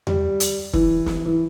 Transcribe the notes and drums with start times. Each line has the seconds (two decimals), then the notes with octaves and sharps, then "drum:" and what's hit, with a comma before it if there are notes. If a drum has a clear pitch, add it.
0.07 G3, drum: tom E2
0.40 drum: hi-hat
0.73 E3, drum: kick
1.06 drum: snare
1.26 E3